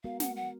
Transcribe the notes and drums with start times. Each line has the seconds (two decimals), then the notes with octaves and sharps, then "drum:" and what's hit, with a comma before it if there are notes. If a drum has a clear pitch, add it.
0.04 G#3 B3 F#4 A#4 F5
0.20 F#5, drum: snare
0.36 F#5